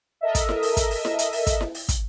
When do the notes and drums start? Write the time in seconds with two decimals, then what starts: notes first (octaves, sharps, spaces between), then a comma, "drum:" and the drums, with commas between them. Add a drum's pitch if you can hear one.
0.21 A4 A#4 D#5 E5
0.35 drum: kick, hi-hat
0.49 drum: snare E4
0.63 drum: open hi-hat
0.77 drum: kick, hi-hat
0.91 drum: open hi-hat
1.05 drum: snare E4
1.19 drum: hi-hat
1.33 drum: open hi-hat
1.47 drum: kick, hi-hat
1.61 drum: snare E4
1.75 drum: open hi-hat
1.89 drum: kick, hi-hat